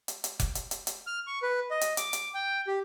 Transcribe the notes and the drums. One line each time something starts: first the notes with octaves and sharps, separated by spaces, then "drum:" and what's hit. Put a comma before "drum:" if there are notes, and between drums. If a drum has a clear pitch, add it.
drum: hi-hat
drum: hi-hat
drum: kick F1, hi-hat
drum: hi-hat
drum: hi-hat
drum: hi-hat
F6
C#6
B4
D#5
drum: hi-hat
D6, drum: hi-hat
drum: hi-hat
G5
G4